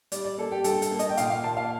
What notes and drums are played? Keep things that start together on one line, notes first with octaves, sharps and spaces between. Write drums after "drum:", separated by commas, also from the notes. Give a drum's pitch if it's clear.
G3 D5, drum: hi-hat
D5
A#3 A4
G4
G2 A4, drum: hi-hat
A4, drum: hi-hat
A#3
D#5, drum: hi-hat
G5
A#2 F5, drum: hi-hat
F5
A#2 A5
F5